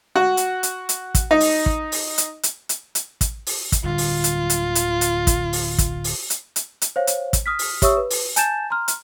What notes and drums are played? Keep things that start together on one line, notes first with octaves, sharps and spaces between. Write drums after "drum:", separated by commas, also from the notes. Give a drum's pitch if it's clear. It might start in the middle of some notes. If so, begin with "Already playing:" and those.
F#4
drum: hi-hat
drum: hi-hat
drum: hi-hat
drum: kick, hi-hat
D#4
drum: open hi-hat
drum: kick
drum: open hi-hat
drum: hi-hat
drum: hi-hat
drum: hi-hat
drum: hi-hat
drum: kick, hi-hat
drum: open hi-hat
drum: kick, hi-hat
D1 D3 G3 F4
drum: open hi-hat
drum: hi-hat
drum: hi-hat
drum: hi-hat
drum: hi-hat
drum: kick, hi-hat
drum: open hi-hat
drum: kick, hi-hat
drum: open hi-hat
drum: hi-hat
drum: hi-hat
drum: hi-hat
C5 C#5 F5
drum: hi-hat
drum: kick, hi-hat
D#6 F6 B6
drum: open hi-hat
G4 C#5 E5 C#6 D#6 E6, drum: kick, hi-hat
B4
drum: open hi-hat
G#5 A5 G6 A6 E7, drum: hi-hat
A#5 C6 F6
drum: hi-hat